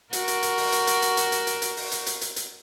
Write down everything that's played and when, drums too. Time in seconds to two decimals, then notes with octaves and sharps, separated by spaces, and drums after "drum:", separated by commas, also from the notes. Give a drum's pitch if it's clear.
0.13 F#4 A#4, drum: hi-hat
0.28 drum: hi-hat
0.43 drum: hi-hat
0.57 drum: open hi-hat
0.72 drum: hi-hat
0.87 drum: hi-hat
1.02 drum: hi-hat
1.17 drum: hi-hat
1.32 drum: hi-hat
1.47 drum: hi-hat
1.62 drum: hi-hat
1.77 drum: open hi-hat
1.92 drum: hi-hat
2.06 drum: hi-hat
2.21 drum: hi-hat
2.36 drum: hi-hat